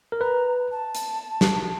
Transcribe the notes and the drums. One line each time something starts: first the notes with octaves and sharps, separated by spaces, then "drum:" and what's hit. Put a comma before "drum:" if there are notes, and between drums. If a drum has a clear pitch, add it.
A#4
B4 A#5
A5
drum: hi-hat
drum: snare